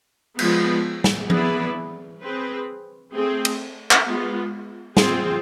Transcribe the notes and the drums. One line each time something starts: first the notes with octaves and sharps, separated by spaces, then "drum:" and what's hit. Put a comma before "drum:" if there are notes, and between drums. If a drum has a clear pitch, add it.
F3 G#3 B3, drum: cymbal
drum: snare
B3 E4 G#4 B4 D5, drum: tom F3
C4 G#4 B4
A3 C4 G#4
drum: cymbal
drum: clap
G#3 B3 F4
C4 F4 G#4 C5, drum: snare